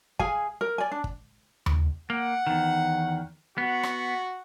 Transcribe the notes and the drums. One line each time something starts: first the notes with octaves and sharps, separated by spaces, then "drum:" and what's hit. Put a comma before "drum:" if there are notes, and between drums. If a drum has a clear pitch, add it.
G#4 F5 G#5, drum: kick
A#4
D5 G#5
D4
drum: kick
drum: tom D#2
A#3 F#5
E2 D#3
B3 F#4
drum: rim click